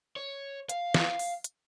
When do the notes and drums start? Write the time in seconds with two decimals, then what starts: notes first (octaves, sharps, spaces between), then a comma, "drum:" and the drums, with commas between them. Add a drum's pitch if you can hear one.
0.16 C#5
0.69 F5, drum: hi-hat
0.94 drum: snare
1.19 drum: open hi-hat
1.44 drum: hi-hat